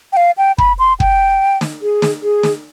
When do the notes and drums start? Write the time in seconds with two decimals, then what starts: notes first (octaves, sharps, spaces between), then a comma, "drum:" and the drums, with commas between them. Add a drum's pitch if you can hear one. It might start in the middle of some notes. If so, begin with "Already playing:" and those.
0.13 G5
0.17 F5
0.38 G5
0.58 B5, drum: kick
0.79 C6
1.00 G5, drum: kick
1.61 drum: snare
1.82 G#4
2.02 drum: snare
2.23 G#4
2.43 drum: snare